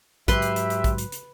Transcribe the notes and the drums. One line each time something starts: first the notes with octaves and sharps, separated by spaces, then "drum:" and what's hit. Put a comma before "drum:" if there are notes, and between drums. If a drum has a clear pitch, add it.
G#2 F#3 G4 B4 E5 C6, drum: kick A#1, hi-hat
drum: hi-hat
drum: hi-hat
drum: hi-hat
drum: kick A#1, hi-hat
drum: hi-hat
drum: hi-hat